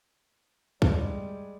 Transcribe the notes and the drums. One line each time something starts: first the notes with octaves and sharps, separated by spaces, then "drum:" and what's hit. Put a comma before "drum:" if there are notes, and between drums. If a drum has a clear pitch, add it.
G3 G#3, drum: kick